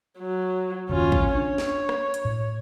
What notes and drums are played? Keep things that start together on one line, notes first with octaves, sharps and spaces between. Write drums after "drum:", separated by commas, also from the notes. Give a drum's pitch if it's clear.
F#3
F#1 D#2 C#4 F4
drum: kick
D4 C#5
drum: snare
drum: rim click
drum: hi-hat
A2